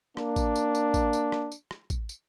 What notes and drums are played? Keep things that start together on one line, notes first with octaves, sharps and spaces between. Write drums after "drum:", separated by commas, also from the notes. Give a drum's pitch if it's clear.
A#3 D4, drum: rim click
drum: kick A1, tambourine
drum: tambourine
drum: tambourine
drum: kick A1, tambourine
drum: tambourine
drum: rim click
drum: tambourine
drum: rim click
drum: kick A1, tambourine
drum: tambourine